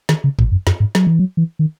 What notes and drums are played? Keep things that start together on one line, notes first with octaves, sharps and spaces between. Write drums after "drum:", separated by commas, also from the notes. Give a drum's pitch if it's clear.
D#3, drum: snare
C#3
A#2, drum: kick G#1
F#2
F#2, drum: snare
G#2
F#3, drum: snare
E3
F#3
E3
D#3